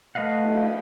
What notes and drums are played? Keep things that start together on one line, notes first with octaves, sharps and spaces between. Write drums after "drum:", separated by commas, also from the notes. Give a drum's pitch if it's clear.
A3 B4 D#5 F5 F#5
drum: cymbal